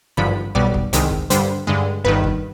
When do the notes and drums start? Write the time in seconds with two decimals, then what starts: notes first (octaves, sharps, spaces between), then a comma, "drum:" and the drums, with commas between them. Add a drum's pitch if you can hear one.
0.17 G#1 G2 D3 F3 B5
0.55 B1 B2 G3 D5
0.74 drum: kick
0.93 C2 C3 D#3 G#3, drum: hi-hat
1.11 drum: kick
1.30 G2 D3 G3 C5, drum: hi-hat
1.67 G2 D3 G#3
2.04 G1 G2 D#3 B4
2.23 drum: kick